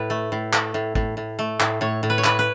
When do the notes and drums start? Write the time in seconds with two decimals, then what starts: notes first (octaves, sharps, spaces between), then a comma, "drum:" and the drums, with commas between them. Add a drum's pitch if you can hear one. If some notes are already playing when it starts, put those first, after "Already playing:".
Already playing: A2 B4
0.10 A3
0.32 A2
0.53 A3, drum: clap
0.74 A2
0.95 A2, drum: kick
1.17 A2
1.39 A3
1.60 A2, drum: clap
1.81 A2 C#5
2.03 A2
2.10 B4
2.18 C#5
2.24 A2 B4, drum: clap
2.39 B4